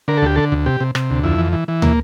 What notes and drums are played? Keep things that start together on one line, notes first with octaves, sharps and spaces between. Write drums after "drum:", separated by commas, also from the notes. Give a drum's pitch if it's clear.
D3 A#4
A4
D2 G4
D3 A4
D2
C3 G4
C3
C3, drum: rim click
D2
F2 E4
E3
E3
E3
A#3, drum: tom